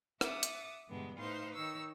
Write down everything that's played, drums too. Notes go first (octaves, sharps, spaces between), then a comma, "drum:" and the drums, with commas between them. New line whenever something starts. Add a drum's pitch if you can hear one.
E5 F#5 D6 D#6 A6, drum: rim click
drum: hi-hat
E2 G2 B2 D3 G#3 B3
A2 D#4 B4 C5 F5 C6
D#3 D#4 C#5 E6